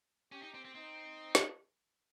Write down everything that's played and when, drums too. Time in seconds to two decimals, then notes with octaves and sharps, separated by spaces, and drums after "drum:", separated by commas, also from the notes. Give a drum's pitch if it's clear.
0.32 C#4 G4
0.42 D#4
0.54 C4
0.65 C4
0.75 C4 D#4
1.35 drum: snare